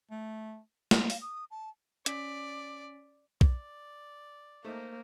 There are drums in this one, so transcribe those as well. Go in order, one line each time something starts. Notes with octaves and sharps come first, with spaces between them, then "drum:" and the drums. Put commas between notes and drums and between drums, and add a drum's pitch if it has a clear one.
A3
drum: snare
F5, drum: open hi-hat
D#6
A5
C#4 D5 B6, drum: hi-hat
D5, drum: kick B1
A3 A#3 D#4 C5